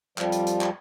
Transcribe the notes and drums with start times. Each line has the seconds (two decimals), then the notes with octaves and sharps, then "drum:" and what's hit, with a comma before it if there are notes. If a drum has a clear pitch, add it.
0.18 F2 F3 G3, drum: clap
0.32 drum: hi-hat
0.47 drum: hi-hat
0.61 drum: clap